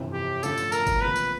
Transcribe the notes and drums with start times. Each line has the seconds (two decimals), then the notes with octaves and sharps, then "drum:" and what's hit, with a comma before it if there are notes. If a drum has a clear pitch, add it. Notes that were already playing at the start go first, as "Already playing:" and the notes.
Already playing: G1 F2 C3 E3
0.14 G4
0.43 A1 G2 D3 F3 A3 A4, drum: tambourine
0.58 drum: tambourine
0.72 A#4, drum: tambourine
0.87 drum: kick, tambourine
1.01 E1 E2 C3 F3 A#3 B4
1.16 drum: tambourine